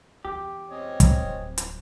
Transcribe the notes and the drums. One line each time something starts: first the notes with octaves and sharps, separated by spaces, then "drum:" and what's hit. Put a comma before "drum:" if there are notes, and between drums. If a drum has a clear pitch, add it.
E2 G4
C4 C#5 D#5 G#5
drum: kick, hi-hat
D1 G1
drum: hi-hat